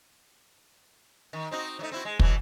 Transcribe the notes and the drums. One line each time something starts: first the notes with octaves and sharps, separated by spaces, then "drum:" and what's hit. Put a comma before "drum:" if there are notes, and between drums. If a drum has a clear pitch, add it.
D#3
C4 D#4 F#4
F#3 A3 D#4
C4 E4 F#4
G#3
B2 E3 F#3, drum: kick